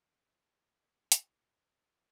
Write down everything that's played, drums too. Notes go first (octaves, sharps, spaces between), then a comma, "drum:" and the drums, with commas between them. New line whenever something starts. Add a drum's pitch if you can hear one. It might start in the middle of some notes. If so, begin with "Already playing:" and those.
D3 F3 G3 G#3 A#3
drum: hi-hat